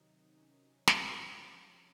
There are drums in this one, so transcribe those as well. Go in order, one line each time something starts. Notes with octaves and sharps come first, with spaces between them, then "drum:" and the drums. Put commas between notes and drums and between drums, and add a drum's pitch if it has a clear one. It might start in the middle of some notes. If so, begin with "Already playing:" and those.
Already playing: C3 D#3 F#3 D#4
C#4
drum: snare
C3 F3 C#4